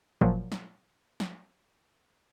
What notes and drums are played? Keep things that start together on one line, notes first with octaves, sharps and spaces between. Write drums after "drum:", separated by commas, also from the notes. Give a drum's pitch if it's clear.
A#2 F3 F#3, drum: kick
drum: snare
drum: snare